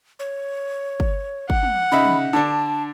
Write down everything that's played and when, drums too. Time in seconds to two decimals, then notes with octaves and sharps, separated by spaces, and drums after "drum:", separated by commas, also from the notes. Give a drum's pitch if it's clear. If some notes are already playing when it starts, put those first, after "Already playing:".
0.19 C#5
1.00 drum: kick
1.50 F#5, drum: kick
1.63 drum: tom
1.92 C#3 D#4 E5 B5
2.05 drum: tom
2.33 D3 D4 A5